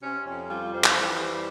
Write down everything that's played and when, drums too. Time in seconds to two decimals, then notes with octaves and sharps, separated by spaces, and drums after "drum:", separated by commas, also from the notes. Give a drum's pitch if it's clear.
0.03 C3 C#4
0.26 F2 C#4
0.49 G3 F4
0.73 F2 C5
0.84 drum: clap
0.96 E3
1.19 G3